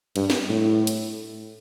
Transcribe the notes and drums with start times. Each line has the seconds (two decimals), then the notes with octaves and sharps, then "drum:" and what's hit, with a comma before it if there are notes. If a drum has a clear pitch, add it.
0.16 G2, drum: cymbal
0.30 drum: snare
0.49 A2
0.87 drum: hi-hat